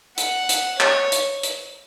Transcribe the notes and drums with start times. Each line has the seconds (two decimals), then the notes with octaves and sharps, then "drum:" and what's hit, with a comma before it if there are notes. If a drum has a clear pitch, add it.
0.18 F#5, drum: hi-hat
0.49 drum: hi-hat
0.80 C#5, drum: clap
1.12 drum: hi-hat
1.43 drum: hi-hat